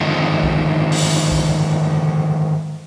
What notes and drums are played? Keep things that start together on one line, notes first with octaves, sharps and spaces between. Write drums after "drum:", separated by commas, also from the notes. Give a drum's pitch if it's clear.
D3 D#3 F3 G#3
drum: kick
drum: open hi-hat
drum: kick